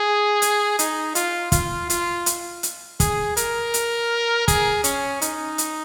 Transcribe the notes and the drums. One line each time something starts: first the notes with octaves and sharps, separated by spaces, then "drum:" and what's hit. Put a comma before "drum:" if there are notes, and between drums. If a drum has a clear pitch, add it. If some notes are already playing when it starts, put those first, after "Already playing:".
Already playing: G#4
drum: hi-hat
D#4, drum: hi-hat
F4, drum: hi-hat
F4, drum: kick, hi-hat
F4, drum: hi-hat
drum: hi-hat
drum: hi-hat
G#4, drum: kick, hi-hat
A#4, drum: hi-hat
drum: hi-hat
G#4, drum: kick, hi-hat
C#4, drum: hi-hat
D#4, drum: hi-hat
drum: hi-hat